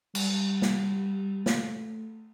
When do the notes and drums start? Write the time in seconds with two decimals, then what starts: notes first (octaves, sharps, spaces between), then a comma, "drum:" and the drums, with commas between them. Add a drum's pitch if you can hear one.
0.15 G3, drum: cymbal
0.62 drum: snare
1.46 A3, drum: snare